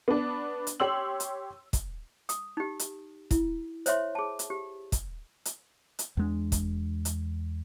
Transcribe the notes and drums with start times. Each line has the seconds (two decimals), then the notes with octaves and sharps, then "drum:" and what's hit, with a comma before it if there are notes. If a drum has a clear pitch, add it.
0.08 B3 D4
0.67 drum: hi-hat
0.80 G4 C#5 C6 E6 F#7
1.20 drum: hi-hat
1.73 drum: kick, hi-hat
2.29 D#6, drum: hi-hat
2.57 D#4 G4
2.79 drum: hi-hat
3.31 E4, drum: kick, hi-hat
3.86 C5 C#5 E5 C6, drum: hi-hat
4.15 G#4 A5
4.39 drum: hi-hat
4.50 G4
4.92 drum: kick, hi-hat
5.45 drum: hi-hat
5.99 drum: hi-hat
6.17 E2 G#3 D4
6.52 drum: kick, hi-hat
7.05 drum: hi-hat